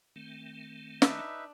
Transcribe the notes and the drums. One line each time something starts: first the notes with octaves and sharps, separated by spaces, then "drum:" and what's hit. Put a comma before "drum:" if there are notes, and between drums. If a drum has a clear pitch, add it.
D#3 A3 C4
D4 D#4 B4 E5, drum: snare